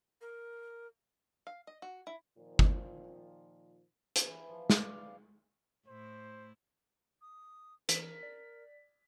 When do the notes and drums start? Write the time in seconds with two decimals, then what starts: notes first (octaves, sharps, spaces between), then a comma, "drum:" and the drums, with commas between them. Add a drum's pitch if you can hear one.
0.21 A#4
1.47 F5
1.67 D#5
1.82 F#4
2.07 E4
2.37 A#2 D#3 F3
2.59 drum: kick
4.16 drum: hi-hat
4.26 E3
4.49 F3
4.70 D5, drum: snare
4.90 F5
5.87 A2 E4 C5
7.22 D#6
7.89 E3 A#4 B6, drum: hi-hat
8.23 D5